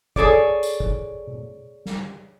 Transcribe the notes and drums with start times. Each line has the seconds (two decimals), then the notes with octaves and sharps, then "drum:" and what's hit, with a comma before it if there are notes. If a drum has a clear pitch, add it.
0.16 G#4 A4 C#5 D5, drum: kick G1
0.63 drum: tambourine
0.80 drum: kick G1
1.27 drum: tom B2
1.86 drum: snare